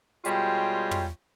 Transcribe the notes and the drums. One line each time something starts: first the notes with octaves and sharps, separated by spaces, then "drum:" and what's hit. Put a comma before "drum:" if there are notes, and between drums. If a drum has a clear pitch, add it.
B2 G3 G#3 F4 C#5 G5, drum: hi-hat
drum: tom